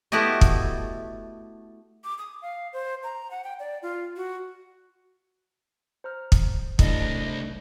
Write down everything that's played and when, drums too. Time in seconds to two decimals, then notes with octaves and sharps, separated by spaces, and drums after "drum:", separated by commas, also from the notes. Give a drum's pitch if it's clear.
0.12 A3 B3 E4 F#4 G4 D#5
0.41 drum: kick
2.04 D6
2.18 D#6
2.42 F5
2.73 C5
3.04 A#5
3.31 F#5
3.44 G5
3.60 D5
3.83 F4
4.17 F#4
6.04 C5 A#5 F6
6.32 drum: kick
6.79 C2 A3 D4 E4 D#5, drum: kick